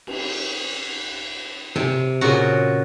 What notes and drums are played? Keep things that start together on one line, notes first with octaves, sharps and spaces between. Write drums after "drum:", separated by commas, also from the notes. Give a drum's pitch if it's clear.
drum: cymbal
C3, drum: tom B2
A#2 C#3 F#4